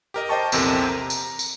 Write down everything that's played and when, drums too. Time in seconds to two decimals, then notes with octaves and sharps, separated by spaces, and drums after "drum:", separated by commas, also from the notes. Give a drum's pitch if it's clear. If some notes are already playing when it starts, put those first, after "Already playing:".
0.14 G4 A#4 D#5
0.29 C5 D#5 G5 A5 C#6
0.52 A#1 E2 C3 C4 A4 A#4, drum: tambourine
0.89 A#5
1.10 drum: tambourine
1.39 drum: tambourine